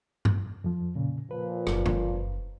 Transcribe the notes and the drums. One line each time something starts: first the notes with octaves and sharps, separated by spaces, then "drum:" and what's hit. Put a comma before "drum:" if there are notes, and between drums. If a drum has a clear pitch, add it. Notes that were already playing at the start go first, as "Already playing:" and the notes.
drum: tom G2
F2 F3
A#2 C#3
A#2 F3 B4
F#1, drum: rim click
drum: tom F#2